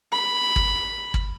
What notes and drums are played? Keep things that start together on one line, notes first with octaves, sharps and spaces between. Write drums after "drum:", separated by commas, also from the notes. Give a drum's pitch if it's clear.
B5
drum: kick
drum: kick